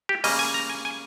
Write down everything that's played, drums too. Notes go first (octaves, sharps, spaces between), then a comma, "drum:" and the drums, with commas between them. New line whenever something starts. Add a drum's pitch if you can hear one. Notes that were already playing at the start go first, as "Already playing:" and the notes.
G4
C#3 G3 A#3 D#5, drum: open hi-hat
G#5
A#5
G#5
G#5